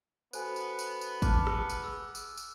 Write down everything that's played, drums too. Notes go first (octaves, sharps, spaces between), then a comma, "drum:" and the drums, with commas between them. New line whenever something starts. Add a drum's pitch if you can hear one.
B3 F#4 A4 C5 G#5 F#6, drum: tambourine
drum: tambourine
drum: tambourine
drum: tambourine
A5 D6 F6 F#6, drum: kick, tambourine
drum: rim click
drum: tambourine
G#4 E6
drum: tambourine
drum: tambourine